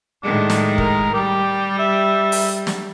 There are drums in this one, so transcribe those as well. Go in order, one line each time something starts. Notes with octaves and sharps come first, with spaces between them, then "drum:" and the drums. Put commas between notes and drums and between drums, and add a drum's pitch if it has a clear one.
A2 D#3 G#3 D4
drum: snare
A#4, drum: kick
G3 G4
E5
drum: open hi-hat
drum: snare